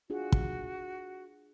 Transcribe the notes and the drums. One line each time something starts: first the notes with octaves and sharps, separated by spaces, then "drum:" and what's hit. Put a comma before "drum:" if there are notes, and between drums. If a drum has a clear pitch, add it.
D4 F4 F#4 G#4
drum: kick